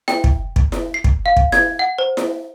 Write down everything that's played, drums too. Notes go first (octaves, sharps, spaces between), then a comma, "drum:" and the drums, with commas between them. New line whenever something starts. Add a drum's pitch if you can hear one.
G5, drum: snare E4
drum: kick
drum: kick
drum: snare E4
C7
drum: kick
F5
drum: kick
G#6, drum: snare E4
F#5
C5
drum: snare E4